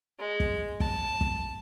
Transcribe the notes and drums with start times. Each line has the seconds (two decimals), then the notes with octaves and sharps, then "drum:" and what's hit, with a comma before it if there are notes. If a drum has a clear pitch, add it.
0.20 G#3
0.40 drum: kick
0.80 A5, drum: kick
1.21 drum: kick